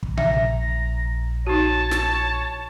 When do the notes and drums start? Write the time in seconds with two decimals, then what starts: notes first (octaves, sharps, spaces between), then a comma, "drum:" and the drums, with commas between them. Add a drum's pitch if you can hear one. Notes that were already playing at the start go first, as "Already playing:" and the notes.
0.03 drum: kick
0.18 A#1 E5 A#5, drum: tom C3
1.47 D#4 F#4 C#5 A5
1.91 drum: snare